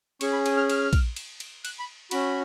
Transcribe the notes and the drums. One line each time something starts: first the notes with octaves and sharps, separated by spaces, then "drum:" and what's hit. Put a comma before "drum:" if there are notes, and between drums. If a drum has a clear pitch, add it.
C#4 G#4 C#6, drum: cymbal
B5
D#6, drum: cymbal
F6
F6, drum: cymbal
drum: kick A#1, cymbal
drum: cymbal
drum: cymbal
F#6, drum: cymbal
B5
C#4 F#4 B5, drum: cymbal